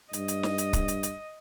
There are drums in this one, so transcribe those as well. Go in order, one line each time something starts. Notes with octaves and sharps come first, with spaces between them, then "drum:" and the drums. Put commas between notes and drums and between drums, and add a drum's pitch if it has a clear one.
G2 D#5, drum: hi-hat
drum: hi-hat
drum: snare
drum: hi-hat
drum: kick, hi-hat
drum: hi-hat
drum: hi-hat